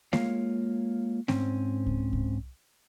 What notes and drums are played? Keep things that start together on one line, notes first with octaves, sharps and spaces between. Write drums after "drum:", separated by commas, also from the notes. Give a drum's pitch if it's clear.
G#3 A#3 F4 C#5 F5, drum: snare A3
G#2 C4 C#4, drum: snare A3
drum: kick C2
drum: kick C2